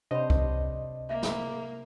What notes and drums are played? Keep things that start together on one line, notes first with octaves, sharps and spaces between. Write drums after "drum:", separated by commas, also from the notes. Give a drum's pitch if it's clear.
C3 D4 C5 C#5 D#5 F#5 B5
drum: kick C2
A#3 E5
drum: snare